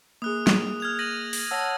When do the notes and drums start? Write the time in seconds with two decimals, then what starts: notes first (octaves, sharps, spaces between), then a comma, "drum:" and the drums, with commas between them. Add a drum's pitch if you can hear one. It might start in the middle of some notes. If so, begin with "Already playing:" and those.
0.22 A#3 G#4 D#6 F#6
0.47 drum: snare
0.80 F6 G#6 F7
0.99 A#6 D#7 F#7
1.33 drum: open hi-hat
1.51 C#5 F#5 A5 E6 A#6